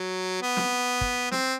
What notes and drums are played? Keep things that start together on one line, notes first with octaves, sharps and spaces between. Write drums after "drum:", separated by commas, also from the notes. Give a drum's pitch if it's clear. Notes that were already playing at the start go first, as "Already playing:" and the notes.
Already playing: F#3
B3
drum: snare
drum: kick
C4, drum: snare